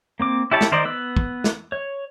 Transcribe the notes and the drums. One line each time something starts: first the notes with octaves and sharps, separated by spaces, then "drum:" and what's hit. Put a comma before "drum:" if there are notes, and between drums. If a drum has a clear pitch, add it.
A#3 C4 D6
E4 G4 C#5 A5
drum: snare
D#3 A#4 C5 D5 D#5
B3 B4 E6
drum: kick
drum: snare
C#5